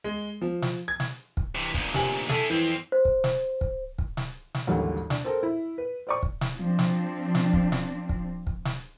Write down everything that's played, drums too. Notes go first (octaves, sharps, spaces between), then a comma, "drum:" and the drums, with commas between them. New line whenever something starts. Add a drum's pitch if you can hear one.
G#3
F3
drum: snare
G#6
drum: snare
drum: kick
C3 E3
D2 A#2, drum: kick
C3 G#5 F#7, drum: snare
E4 G#4 A4, drum: snare
F2 E3 C4
C5
drum: kick
drum: snare
drum: kick
drum: kick
drum: snare
drum: snare
A1 D#2 G#2 D3 F#3 G3
D4, drum: snare
C4 A4 A#4
E4
B4
C5 D5 C#6
drum: kick
drum: snare
F3 C4 D4
drum: snare
drum: snare
drum: kick
drum: snare
drum: kick
drum: kick
drum: snare